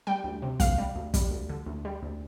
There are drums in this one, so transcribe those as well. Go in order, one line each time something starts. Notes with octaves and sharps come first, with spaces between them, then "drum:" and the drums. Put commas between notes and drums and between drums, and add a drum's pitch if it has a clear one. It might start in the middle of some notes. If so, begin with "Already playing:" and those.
G3 G5
D2
C3
D2 F5, drum: kick, hi-hat
G3
D2
G3, drum: kick, hi-hat
D2
D3
D2
G3
D2